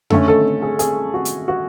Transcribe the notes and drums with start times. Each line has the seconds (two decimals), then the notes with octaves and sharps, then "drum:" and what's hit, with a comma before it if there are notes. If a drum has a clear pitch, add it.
0.10 D3 A3 C#4 A4, drum: tom F2
0.28 A4
0.62 G#4
0.79 G#4, drum: hi-hat
1.14 F#4
1.25 drum: hi-hat
1.48 F#4